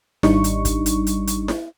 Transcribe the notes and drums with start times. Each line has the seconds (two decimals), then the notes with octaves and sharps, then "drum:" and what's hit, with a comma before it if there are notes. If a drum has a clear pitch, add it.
0.23 G#1 G3 D4 D#4 C#6, drum: snare E4
0.44 drum: hi-hat
0.65 drum: kick, hi-hat
0.86 drum: hi-hat
1.07 drum: hi-hat
1.27 drum: hi-hat
1.48 drum: snare E4